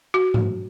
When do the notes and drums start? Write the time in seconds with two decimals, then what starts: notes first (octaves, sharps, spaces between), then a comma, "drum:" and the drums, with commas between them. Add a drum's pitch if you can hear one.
0.14 F#4
0.34 drum: tom G#2